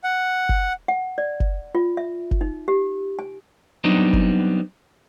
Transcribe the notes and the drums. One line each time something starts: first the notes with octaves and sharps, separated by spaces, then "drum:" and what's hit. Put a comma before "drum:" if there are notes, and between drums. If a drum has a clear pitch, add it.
F#5
drum: kick F#1
F#5
D5
drum: kick F#1
F4
E5
drum: kick F#1
D#4
G4
G#5
F#3 G3 B3 C4 D4 D#4
drum: kick F#1